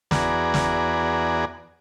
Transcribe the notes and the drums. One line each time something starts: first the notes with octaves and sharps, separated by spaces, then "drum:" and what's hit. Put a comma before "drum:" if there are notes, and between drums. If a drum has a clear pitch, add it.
E2 B3 F#4 G#4 D5 A#5, drum: snare
drum: snare